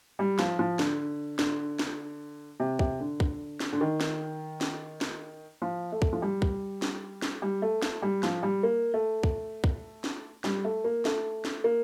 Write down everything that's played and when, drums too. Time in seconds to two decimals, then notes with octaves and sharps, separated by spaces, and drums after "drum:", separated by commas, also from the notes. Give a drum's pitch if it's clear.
0.19 G3
0.39 F3, drum: snare
0.59 F3
0.79 D3, drum: snare
1.39 D3, drum: snare
1.79 drum: snare
2.60 C3
2.79 C3, drum: kick
3.00 D3
3.20 drum: kick
3.60 drum: snare
3.73 D3
3.81 D#3
4.01 drum: snare
4.61 drum: snare
5.01 drum: snare
5.62 F3
5.92 A3
6.02 drum: kick
6.13 F3
6.22 G3
6.42 drum: kick
6.82 drum: snare
7.22 drum: snare
7.42 G3
7.62 A3
7.82 A3, drum: snare
8.02 G3
8.23 F3, drum: snare
8.43 G3
8.63 A#3
8.94 A3
9.23 drum: kick
9.64 drum: kick
10.04 drum: snare
10.44 G3, drum: snare
10.65 A3
10.84 A#3
11.05 A3, drum: snare
11.45 drum: snare
11.64 A#3